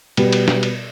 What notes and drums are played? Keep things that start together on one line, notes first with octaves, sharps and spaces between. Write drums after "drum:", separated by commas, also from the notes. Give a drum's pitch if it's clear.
B2 G3 B3, drum: cymbal
drum: cymbal
drum: snare
drum: cymbal